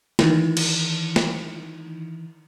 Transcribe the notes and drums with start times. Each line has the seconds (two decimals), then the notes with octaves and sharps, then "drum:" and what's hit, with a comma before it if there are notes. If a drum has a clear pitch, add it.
0.19 D#3 E3, drum: snare
0.57 drum: cymbal
1.16 drum: snare